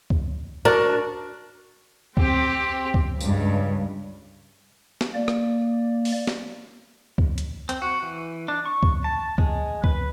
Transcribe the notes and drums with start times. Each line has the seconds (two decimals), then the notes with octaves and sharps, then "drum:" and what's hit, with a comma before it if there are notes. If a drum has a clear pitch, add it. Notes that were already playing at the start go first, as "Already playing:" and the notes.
0.10 drum: kick C#2
0.65 D4 F#4 A#4
2.17 C4 G4, drum: kick C#2
2.94 drum: kick C#2
3.20 C#2 G2, drum: tambourine
5.01 drum: snare
5.14 A#3 D5
5.28 drum: rim click
6.05 drum: open hi-hat
6.27 drum: snare
7.18 drum: kick C#2
7.38 drum: hi-hat
7.69 C4, drum: hi-hat
7.82 F#4
8.03 E3
8.48 D4
8.66 C#6
8.83 drum: kick C#2
9.04 A5
9.38 G#3, drum: kick C#2
9.84 B4, drum: kick C#2